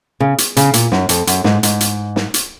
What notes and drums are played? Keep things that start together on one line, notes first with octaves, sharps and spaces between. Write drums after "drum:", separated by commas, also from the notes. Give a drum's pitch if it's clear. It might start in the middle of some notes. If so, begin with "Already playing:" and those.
C#3
drum: hi-hat
C#3, drum: hi-hat
A#2, drum: hi-hat
F#2, drum: snare
F2, drum: hi-hat
F#2, drum: hi-hat
G#2, drum: snare
G#2, drum: hi-hat
drum: hi-hat
drum: snare
drum: hi-hat